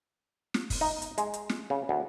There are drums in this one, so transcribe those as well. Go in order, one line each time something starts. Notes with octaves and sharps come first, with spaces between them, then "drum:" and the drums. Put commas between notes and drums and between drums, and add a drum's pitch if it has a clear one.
drum: snare
drum: kick, open hi-hat
D#4
drum: hi-hat
G#3, drum: hi-hat
drum: hi-hat
drum: snare
C#3
D2